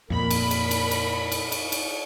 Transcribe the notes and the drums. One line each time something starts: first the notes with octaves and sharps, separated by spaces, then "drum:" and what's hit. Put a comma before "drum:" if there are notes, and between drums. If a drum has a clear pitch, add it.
F2 A#2 A#4 B5
drum: cymbal
drum: cymbal
drum: cymbal
drum: cymbal
drum: cymbal
drum: cymbal
drum: cymbal